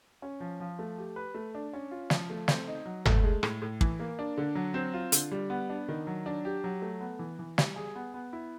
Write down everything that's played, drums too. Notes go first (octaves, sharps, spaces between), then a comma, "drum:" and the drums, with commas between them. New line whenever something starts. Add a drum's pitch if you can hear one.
C#4
F3
F3
A3
G4
B4
A3
D4
C#4
F4
F3, drum: snare
A3
C4, drum: snare
D#4
F#3
A3, drum: tom G1
G#3
A2, drum: rim click
A2
E3, drum: kick
A#3
D4
D3
F#3
C4
F4
D3, drum: hi-hat
G3
B3
D4
D#3
F#3
D4
G4
F#3
A3
B3
E3
E3
G3, drum: snare
G#4
B3
B3
E4